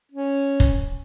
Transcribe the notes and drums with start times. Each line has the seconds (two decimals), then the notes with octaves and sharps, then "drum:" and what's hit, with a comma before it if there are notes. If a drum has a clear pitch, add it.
0.12 C#4
0.60 drum: kick